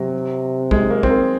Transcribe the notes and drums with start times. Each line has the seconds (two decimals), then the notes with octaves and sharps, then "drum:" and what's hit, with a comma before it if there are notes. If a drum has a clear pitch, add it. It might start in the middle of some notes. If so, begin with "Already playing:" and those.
Already playing: C3 F#3
0.71 G#3, drum: kick
0.90 A#3
1.03 C4, drum: kick
1.10 A#3